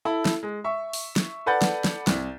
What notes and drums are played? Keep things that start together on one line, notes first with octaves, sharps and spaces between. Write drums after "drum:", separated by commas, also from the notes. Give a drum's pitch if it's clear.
E4 A4
drum: snare
G#3
E5 C#6
drum: open hi-hat
drum: snare
A4 B4 D5 F#5 G6 A6
drum: snare
drum: snare
C2, drum: snare